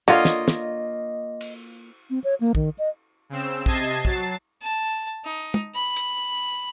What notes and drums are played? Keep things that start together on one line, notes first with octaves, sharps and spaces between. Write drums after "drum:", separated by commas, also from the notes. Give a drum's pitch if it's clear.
D3 A#3 F4 C#5 D#5 F5
drum: snare
drum: snare
drum: cymbal
C4
C#5
A#3
D#3, drum: kick
D#5
C#3 C4 E6
C3 D#5 A5 G#6 C7, drum: kick
F#3 A5 A6 C7, drum: kick
A5
D#4
drum: tom
B5
drum: hi-hat